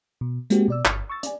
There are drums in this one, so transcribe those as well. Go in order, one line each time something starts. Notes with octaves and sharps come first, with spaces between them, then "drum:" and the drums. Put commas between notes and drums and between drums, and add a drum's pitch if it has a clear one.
B2
G#3 A#3 C4 F#4 G4, drum: hi-hat
B2 D5 E6
G1, drum: clap
C#6 E6 A6
D5 G#5, drum: hi-hat